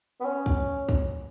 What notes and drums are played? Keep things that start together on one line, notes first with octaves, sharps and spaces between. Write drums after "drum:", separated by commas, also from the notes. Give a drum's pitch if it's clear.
B3
C#4
drum: kick
drum: kick